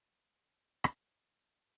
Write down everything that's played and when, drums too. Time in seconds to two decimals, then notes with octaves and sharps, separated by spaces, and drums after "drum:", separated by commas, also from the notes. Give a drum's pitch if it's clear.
0.13 D#3 A3 C#4
0.84 drum: rim click